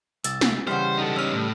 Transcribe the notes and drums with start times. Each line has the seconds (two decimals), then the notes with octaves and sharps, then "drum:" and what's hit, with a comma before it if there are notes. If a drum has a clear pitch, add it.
0.24 C2 E6 A6, drum: hi-hat
0.41 drum: snare
0.67 C#3 E3 G3 C5 F#5 F6
0.98 D#4 A4
1.16 C#4 D#4 E6 F6
1.34 A2